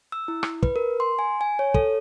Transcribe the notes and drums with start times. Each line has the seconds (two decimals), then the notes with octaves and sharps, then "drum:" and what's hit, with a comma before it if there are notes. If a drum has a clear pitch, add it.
0.12 E6
0.28 E4
0.43 drum: rim click
0.63 B4, drum: kick
0.76 A#4
1.00 C6
1.19 G#5
1.41 G#5
1.59 C#5
1.74 A4, drum: kick